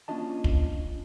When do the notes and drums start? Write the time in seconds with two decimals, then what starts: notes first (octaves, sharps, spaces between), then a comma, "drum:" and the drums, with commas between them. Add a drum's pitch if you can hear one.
0.08 A#3 C#4 D4 F4 D#5 A5
0.44 drum: kick